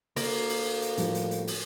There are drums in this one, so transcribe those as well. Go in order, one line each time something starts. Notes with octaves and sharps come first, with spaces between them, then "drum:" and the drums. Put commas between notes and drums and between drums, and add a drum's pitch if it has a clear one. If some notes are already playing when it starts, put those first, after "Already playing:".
D2 A#3, drum: open hi-hat
drum: open hi-hat
drum: hi-hat
A2 F3 G3, drum: hi-hat
drum: hi-hat
drum: hi-hat
drum: open hi-hat